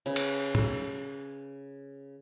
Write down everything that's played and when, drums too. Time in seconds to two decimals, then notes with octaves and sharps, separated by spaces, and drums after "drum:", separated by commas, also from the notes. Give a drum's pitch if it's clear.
0.06 C#3 B4
0.16 drum: cymbal
0.55 drum: tom A2